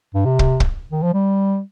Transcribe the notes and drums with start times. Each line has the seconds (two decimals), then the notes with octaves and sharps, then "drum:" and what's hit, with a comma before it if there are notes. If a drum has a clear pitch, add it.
0.15 G2
0.25 C3
0.39 drum: kick
0.60 drum: kick
0.92 D#3
1.03 F3
1.14 G3